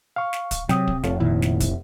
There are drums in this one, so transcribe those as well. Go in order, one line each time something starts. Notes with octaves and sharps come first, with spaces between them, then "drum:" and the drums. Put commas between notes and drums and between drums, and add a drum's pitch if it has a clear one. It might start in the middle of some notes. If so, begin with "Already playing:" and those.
F5 C#6
drum: snare
drum: kick, hi-hat
C3 F#3 G5 D#6, drum: snare
drum: kick
F1 F4 A4 C#5, drum: snare
A#2 D#3 E4
drum: snare
drum: kick, hi-hat